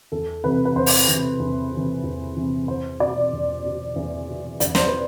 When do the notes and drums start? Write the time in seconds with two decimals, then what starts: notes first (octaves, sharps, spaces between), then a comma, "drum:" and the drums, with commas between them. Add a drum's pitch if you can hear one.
0.12 E2 A4
0.44 C3 E3 B4
0.65 B4
0.75 E2 C5
0.86 drum: open hi-hat
1.08 C3 E3
1.40 E2
1.72 C3
1.77 E3
2.04 E2
2.36 C3 E3
2.68 E2 C5
3.00 B2 D5
3.33 E2
3.65 B2
3.96 E2
4.29 B2
4.60 E2 D5, drum: hi-hat
4.75 C5, drum: snare
4.87 B4